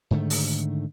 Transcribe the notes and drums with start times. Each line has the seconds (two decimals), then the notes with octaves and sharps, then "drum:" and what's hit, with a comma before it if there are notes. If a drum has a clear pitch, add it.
0.11 G#2 D3 D#3 A3
0.30 drum: open hi-hat